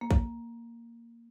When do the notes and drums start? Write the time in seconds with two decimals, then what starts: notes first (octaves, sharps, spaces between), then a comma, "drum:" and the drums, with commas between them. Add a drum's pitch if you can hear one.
0.01 A#3
0.11 drum: kick A#1